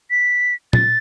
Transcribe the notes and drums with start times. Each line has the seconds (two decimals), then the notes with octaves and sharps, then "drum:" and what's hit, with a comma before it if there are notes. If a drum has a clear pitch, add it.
0.11 B6
0.73 A6, drum: tom